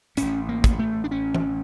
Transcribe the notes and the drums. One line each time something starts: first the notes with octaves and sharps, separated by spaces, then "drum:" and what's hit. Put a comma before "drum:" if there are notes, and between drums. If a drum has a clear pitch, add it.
A1 A2 C#4, drum: hi-hat
A#3
drum: kick, hi-hat
A3
D4
C#4
drum: tom E3